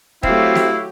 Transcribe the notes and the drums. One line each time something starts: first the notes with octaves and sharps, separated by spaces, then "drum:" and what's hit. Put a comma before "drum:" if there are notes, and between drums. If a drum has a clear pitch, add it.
F#3 A3 C4 E4 F#4 G4 F5, drum: kick
drum: snare